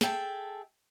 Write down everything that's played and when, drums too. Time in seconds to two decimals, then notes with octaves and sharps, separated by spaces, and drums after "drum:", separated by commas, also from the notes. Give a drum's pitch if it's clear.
0.01 G#4 A4 E5 G5 A5, drum: snare